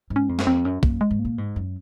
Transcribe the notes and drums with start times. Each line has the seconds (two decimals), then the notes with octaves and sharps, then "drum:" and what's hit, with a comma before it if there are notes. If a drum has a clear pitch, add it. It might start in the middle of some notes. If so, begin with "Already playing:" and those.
0.10 G#2
0.16 C#4
0.28 F2 C4
0.39 F#2, drum: snare
0.47 F2 C4
0.65 F#2 C#4
0.83 F#2 A#3, drum: kick
1.01 G#3
1.11 G#2
1.19 A#3
1.25 A#2
1.38 G#2
1.56 F#2